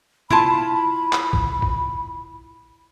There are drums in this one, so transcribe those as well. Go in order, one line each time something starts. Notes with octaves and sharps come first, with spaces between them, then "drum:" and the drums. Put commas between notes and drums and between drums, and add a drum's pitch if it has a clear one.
E4 F4 A5 B5, drum: tom B2
drum: clap
drum: kick
drum: kick